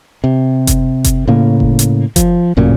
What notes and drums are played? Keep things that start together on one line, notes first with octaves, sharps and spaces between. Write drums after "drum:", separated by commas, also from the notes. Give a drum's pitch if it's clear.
C3
drum: kick F#1, hi-hat
drum: kick F#1, hi-hat
A2 C#3 A#3
drum: kick F#1
drum: hi-hat
F3, drum: kick F#1, hi-hat
A1 F#2 A#2 C#3